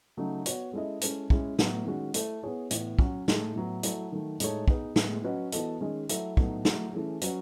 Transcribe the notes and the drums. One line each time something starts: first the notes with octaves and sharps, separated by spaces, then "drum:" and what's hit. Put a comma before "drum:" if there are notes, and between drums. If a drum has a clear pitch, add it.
C#3 F#3 A3 D#4
B3 F#4 C#5, drum: hi-hat
G#3 C#4 E4 A4 D#5
G#3 C#4 E4 A4, drum: hi-hat
G#3 C#4 E4, drum: kick
A2 F#3 B3, drum: snare
D#3 G#3 C#4 F#4
A3 E4 A4, drum: hi-hat
B3 E4 G#4 C#5
A2 E3 B3, drum: hi-hat
F#3 C#4 F#4, drum: kick
A2 G#3 D#4 A4 D#5, drum: snare
A2 F#3 B3
F#3 A3 E4, drum: hi-hat
D#3 F#3 A3
A2 G#3 D#4 A4 C#5, drum: hi-hat
B3 D#4 G#4 B4, drum: kick
A2 G#3 B3, drum: snare
F#3 C#4 F#4 B4 D#5
E3 B3 F#4 A4 D#5, drum: hi-hat
D#3 G#3 C#4 G#4 D#5
F#3 A3 E4 A4 E5, drum: hi-hat
A2 F#3 B3 D#4 A4, drum: kick
F#3 A3 E4 A4, drum: snare
E3 A3 C#4 G#4
F#3 C#4 F#4 B4, drum: hi-hat